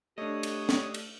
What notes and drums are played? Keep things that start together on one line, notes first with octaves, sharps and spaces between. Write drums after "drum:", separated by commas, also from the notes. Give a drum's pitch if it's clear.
A3 D4 G4 C#5 D#5 D#6
drum: cymbal
drum: snare
drum: cymbal